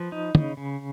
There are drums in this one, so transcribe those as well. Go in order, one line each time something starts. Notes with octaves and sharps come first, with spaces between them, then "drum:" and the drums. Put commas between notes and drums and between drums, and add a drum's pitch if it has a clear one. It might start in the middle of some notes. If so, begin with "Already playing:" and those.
Already playing: F3 B4
D#4
C#3, drum: tom
C#3